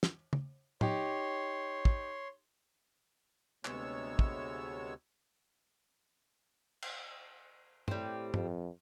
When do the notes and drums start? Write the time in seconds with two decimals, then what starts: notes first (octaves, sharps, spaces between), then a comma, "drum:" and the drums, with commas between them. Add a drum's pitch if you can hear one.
0.03 drum: snare
0.33 drum: tom
0.81 D#4 G4 C#5 C6, drum: tom
1.85 drum: kick
3.65 D2 C3 G#3 B3 C#5 E6, drum: clap
4.19 drum: kick
6.82 drum: cymbal
7.88 A2 G3 C4, drum: tom
8.34 F2, drum: tom